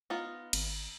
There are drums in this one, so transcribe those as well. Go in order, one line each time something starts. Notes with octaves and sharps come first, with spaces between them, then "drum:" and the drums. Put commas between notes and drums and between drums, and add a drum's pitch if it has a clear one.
B3 D#4 F4
G#1, drum: cymbal